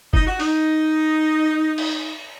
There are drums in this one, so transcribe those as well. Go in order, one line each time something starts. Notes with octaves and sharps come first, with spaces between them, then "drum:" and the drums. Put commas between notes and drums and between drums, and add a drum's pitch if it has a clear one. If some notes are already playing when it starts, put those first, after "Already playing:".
D#4, drum: kick G1
F#4
D#4, drum: open hi-hat
drum: cymbal